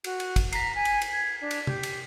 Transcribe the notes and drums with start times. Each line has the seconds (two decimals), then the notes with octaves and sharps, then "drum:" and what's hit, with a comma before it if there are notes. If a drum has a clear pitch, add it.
0.04 F#4, drum: cymbal
0.20 drum: cymbal
0.36 drum: kick, cymbal
0.52 A#5 B6 C7, drum: cymbal
0.75 G#5
0.85 drum: cymbal
1.02 drum: cymbal
1.12 G#6
1.41 D4
1.51 drum: cymbal
1.67 G4, drum: tom C3
1.83 drum: cymbal